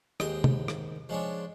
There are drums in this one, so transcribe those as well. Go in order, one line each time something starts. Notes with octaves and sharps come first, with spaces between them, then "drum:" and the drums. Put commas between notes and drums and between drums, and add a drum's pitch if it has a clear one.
D#2 G#2 D#5 G5 D#6, drum: rim click
drum: tom C3
drum: rim click
F3 G#3 C#4 D4